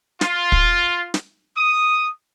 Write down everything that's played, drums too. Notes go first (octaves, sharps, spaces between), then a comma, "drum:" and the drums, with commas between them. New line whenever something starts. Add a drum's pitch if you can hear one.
F4, drum: snare
drum: kick
drum: snare
D#6